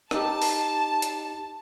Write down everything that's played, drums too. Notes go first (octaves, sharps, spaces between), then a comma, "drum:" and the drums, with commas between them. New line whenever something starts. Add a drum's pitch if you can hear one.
D#4 G4 A5, drum: rim click
drum: open hi-hat
drum: hi-hat